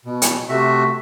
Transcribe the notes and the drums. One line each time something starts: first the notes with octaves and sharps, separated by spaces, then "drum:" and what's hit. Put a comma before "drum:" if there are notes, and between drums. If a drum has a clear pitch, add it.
B2
drum: hi-hat
C3 A3 F#4 E5